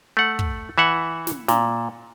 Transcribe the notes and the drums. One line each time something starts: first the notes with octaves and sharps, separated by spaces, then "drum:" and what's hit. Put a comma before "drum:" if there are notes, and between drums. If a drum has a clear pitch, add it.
A3 F#5
drum: kick
E3 E5 F#5
drum: snare
A#2, drum: snare